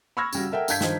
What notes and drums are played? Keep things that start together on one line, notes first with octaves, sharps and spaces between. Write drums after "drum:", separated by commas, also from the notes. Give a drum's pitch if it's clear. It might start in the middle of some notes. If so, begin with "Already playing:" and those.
B5 C#6 E6 F6 G#6 A#6
C#3 G3 F#4, drum: tambourine
A4 A#4 E5 F#5 G5
G2 D4 F5 G6 G#6 B6, drum: tambourine
D#3 F3 G3 D4 D#4 C5, drum: snare